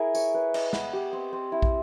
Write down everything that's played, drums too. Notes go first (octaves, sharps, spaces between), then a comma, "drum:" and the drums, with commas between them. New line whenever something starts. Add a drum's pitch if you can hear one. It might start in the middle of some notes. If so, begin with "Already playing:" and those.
Already playing: E4 G#4 A#4
C#5, drum: tambourine
B4
D#5, drum: cymbal
B3, drum: snare
G4
C4
C4
E4
drum: kick